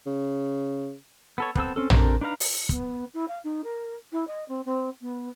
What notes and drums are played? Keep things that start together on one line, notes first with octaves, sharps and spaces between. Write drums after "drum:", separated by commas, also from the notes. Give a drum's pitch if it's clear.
C#3
B3 A4 C#5
B3 C4 A4 E6, drum: kick
C4 C#4 A4
C4 D4 G4 A4 A#4, drum: tom
D4 D#4 B4 F5 A#5
drum: open hi-hat
B3, drum: kick
E4
F5
D#4
A#4
E4
D#5
C4
C4
B3